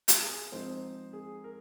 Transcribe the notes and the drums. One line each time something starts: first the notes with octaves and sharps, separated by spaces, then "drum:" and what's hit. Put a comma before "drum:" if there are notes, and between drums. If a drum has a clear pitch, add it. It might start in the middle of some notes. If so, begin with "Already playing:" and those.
drum: hi-hat
G#4
G#2 F3 C4 D#4 C5
G#4
A#4